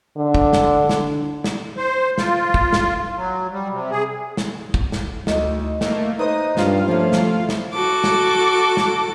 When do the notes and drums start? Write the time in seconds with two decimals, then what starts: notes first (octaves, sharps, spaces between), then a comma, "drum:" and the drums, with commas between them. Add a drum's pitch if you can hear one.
0.17 D3
0.34 drum: kick
0.53 drum: snare
0.89 drum: snare
1.44 drum: snare
1.77 C5
2.18 F4, drum: snare
2.54 drum: kick
2.73 drum: snare
3.16 F#3
3.52 G3
3.71 C3
3.91 G#4
4.37 drum: snare
4.74 drum: kick
4.92 drum: snare
5.27 D2 D#4, drum: snare
5.81 A3 A#3, drum: snare
6.19 D#4 B4 C5 D#5 D#6
6.57 G2 F4 F5, drum: snare
6.88 F3 A3 A#3 C#4
7.12 drum: snare
7.49 drum: snare
7.73 F#4 A4 D6
8.04 drum: snare
8.77 drum: snare